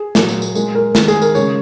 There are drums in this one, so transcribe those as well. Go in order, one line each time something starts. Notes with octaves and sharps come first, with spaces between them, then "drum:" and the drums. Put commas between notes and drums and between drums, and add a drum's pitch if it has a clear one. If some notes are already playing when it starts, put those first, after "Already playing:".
Already playing: G#4
A#2 F#3 A#3, drum: snare
drum: tambourine
drum: tambourine
A#2 G#3, drum: tambourine
A#4
D#3 G#3, drum: snare
G#4, drum: tambourine
A#4, drum: tambourine
C#3 G#3 C#5, drum: tambourine